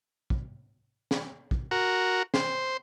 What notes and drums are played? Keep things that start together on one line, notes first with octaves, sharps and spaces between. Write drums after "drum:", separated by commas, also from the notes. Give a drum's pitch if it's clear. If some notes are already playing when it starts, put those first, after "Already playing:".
drum: kick
drum: snare
drum: kick
F#4 A#4
C5, drum: snare